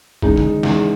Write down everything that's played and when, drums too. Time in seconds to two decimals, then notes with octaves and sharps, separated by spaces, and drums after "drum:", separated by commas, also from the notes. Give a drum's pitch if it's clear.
0.22 E2 C#3 G#3 D#4, drum: kick
0.37 drum: tom D3
0.63 E2 C#3 G#3 D#4, drum: snare